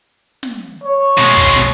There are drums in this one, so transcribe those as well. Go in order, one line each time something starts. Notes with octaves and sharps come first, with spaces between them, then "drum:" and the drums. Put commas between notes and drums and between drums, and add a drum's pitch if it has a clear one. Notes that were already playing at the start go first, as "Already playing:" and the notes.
drum: snare
C#5
B2 G#3, drum: snare
drum: kick
drum: snare